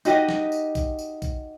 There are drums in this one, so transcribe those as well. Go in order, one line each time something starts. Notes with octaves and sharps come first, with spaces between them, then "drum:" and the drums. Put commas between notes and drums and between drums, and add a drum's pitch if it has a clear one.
D#4 F#4 G4 D#5, drum: tambourine
drum: snare
drum: tambourine
drum: kick, tambourine
drum: tambourine
drum: kick, tambourine